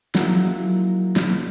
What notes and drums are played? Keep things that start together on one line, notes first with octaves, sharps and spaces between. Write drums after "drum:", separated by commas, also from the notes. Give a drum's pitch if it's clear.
F#3 G#3 A#3 E4 F4, drum: snare
drum: snare